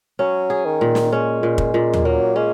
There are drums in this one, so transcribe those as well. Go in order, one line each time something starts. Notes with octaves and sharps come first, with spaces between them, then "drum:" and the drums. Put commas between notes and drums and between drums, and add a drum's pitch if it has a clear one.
F#3 C#4
G#4
D#3
A#2
drum: snare
G#3 C#4
A#2
drum: kick
A#2
drum: tom D#2
F#3 A#3
G#3 C#4